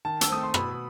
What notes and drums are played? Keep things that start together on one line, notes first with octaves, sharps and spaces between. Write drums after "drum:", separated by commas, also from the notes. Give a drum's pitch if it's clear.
D#3 A5
E6, drum: hi-hat
A3 C4 D#6
C6
B2 B5, drum: rim click